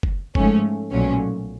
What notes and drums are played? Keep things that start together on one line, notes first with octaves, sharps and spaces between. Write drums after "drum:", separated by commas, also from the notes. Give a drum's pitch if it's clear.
drum: kick
G#2 F3 A3 C#4, drum: kick
B1 A#2 F#3 A3 C#4